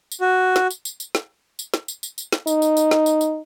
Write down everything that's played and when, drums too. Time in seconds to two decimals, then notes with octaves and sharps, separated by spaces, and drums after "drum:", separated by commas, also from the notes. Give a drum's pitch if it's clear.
0.12 drum: tambourine
0.21 F#4
0.56 drum: snare
0.70 drum: tambourine
0.85 drum: tambourine
1.00 drum: tambourine
1.15 drum: snare
1.59 drum: tambourine
1.74 drum: snare
1.88 drum: tambourine
2.03 drum: tambourine
2.18 drum: tambourine
2.32 drum: snare
2.47 D#4, drum: tambourine
2.62 drum: tambourine
2.77 drum: tambourine
2.91 drum: snare
3.06 drum: tambourine
3.21 drum: tambourine